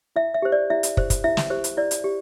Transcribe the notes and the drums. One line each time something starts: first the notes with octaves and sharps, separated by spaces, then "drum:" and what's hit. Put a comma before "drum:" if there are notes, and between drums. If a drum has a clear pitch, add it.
E4 E5
E5
G4 C5
D5
E4 E5
drum: hi-hat
G4 C5, drum: kick
drum: kick, hi-hat
E4 E5
drum: snare
G4 C5
drum: hi-hat
E4 D5
drum: hi-hat
G4